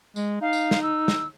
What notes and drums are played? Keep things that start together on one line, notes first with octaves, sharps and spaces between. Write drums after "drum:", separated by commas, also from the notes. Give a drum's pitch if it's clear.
G#3, drum: tambourine
D#4 F5
drum: tambourine
drum: snare
E6
drum: snare